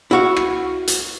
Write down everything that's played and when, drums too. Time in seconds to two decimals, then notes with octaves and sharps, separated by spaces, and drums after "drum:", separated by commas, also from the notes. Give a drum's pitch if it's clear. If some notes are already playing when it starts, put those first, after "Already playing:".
0.11 E4 F#4 F5
0.37 drum: rim click
0.88 drum: hi-hat